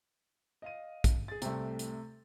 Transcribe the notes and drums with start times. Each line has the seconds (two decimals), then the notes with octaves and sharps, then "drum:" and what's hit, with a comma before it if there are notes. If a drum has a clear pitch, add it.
0.62 D#5 F5 D#7
1.04 drum: kick, hi-hat
1.28 G#4 A6
1.42 C2 A2 C3 A3 G5, drum: hi-hat
1.79 drum: hi-hat